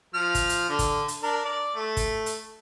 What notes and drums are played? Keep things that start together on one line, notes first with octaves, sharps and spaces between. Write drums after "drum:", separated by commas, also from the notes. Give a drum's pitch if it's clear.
F3 F6
drum: kick, hi-hat
drum: hi-hat
D3
drum: kick, hi-hat
drum: hi-hat
D4 A#4
D5
A3
drum: kick, hi-hat
drum: hi-hat